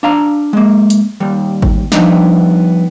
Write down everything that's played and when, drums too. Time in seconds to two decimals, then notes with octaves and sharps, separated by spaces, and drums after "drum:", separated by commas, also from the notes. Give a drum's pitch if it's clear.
0.03 D4 F5 A#5
0.53 G#3 A#3
0.90 drum: hi-hat
1.20 D#2 G3
1.62 drum: kick G#1
1.92 F3 G3 B3 D4 D#4, drum: snare